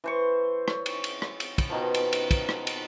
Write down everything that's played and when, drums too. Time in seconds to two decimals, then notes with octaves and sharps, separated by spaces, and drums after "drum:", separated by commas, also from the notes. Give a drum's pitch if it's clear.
0.04 E3 C5 C#6
0.68 C#5, drum: rim click
0.86 drum: cymbal
1.04 drum: cymbal
1.22 drum: rim click
1.40 drum: cymbal
1.58 drum: kick, cymbal
1.69 B2 D#3 F3
1.94 drum: cymbal
2.13 drum: cymbal
2.31 drum: kick, cymbal
2.49 drum: rim click
2.67 drum: cymbal